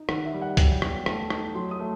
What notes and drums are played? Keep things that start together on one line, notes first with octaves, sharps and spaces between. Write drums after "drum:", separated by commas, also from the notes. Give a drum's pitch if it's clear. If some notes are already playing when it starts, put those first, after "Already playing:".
Already playing: D#4
D#3 F#5, drum: rim click
E5
G3
F#5
F#3 G5, drum: kick C#2, hi-hat
F#5
G5
E2, drum: rim click
A3, drum: rim click
D#4, drum: rim click
F#3 C6
D#6
A3